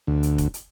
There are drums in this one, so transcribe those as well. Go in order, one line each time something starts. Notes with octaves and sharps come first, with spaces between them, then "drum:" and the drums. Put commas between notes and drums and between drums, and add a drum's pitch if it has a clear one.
D2
drum: hi-hat
drum: kick F1, hi-hat
drum: hi-hat